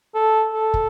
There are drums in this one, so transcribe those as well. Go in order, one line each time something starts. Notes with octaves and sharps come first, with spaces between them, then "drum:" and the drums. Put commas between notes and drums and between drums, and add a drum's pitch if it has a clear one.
A4
A4
drum: kick